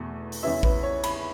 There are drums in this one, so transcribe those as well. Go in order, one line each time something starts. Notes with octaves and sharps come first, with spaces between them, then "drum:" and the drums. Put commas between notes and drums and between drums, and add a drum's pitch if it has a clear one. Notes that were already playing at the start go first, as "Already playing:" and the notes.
Already playing: E2 B2 A3
drum: open hi-hat
E2 C#3 E3 C#4 E5
B4, drum: kick
C#5
B5, drum: cymbal